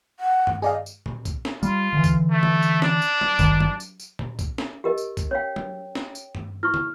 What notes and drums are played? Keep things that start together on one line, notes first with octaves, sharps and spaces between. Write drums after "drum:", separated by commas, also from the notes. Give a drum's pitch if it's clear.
F#5
drum: tom G2
G#4 D5 D#5 F5
drum: tambourine
drum: tom A#2
drum: kick B1, tambourine
drum: snare C#4
G3 F4, drum: tambourine
D3 E3
drum: kick B1, tambourine
A3
drum: tom F#3
drum: tambourine
D4, drum: snare C#4
drum: tambourine
drum: tom F#3
G#1 G2 D#3, drum: kick B1, tambourine
drum: tom F#3
drum: tambourine
drum: tambourine
drum: tom A#2
drum: kick B1, tambourine
drum: snare C#4
G4 A#4 D#5
drum: tambourine
drum: kick B1, tambourine
C#4 C#5 F5 G5
drum: tom F#3
drum: snare C#4
drum: tambourine
drum: tom G2
E4 C#6 F6
drum: tom